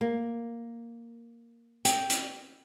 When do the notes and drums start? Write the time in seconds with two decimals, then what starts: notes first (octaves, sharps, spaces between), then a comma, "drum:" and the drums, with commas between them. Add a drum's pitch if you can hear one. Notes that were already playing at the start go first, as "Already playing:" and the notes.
0.01 A#3
1.85 G5, drum: hi-hat
2.10 drum: hi-hat